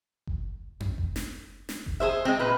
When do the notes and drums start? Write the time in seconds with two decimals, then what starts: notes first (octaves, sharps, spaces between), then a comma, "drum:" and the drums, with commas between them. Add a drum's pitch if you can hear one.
0.27 drum: kick F#1
0.80 drum: tom F2
0.98 drum: kick F#1
1.16 drum: snare
1.69 drum: snare
1.86 drum: kick F#1
2.00 G#4 C5 E5
2.25 G#3 C4
2.39 A#2 B4